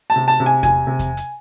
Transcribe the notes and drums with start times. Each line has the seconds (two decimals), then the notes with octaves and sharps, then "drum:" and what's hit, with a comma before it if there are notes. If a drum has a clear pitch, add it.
0.10 A5
0.16 C3
0.28 A5
0.40 C3
0.46 G#5
0.63 C3 G#5, drum: kick E2, hi-hat
0.87 C3
0.99 drum: kick E2, hi-hat
1.17 drum: hi-hat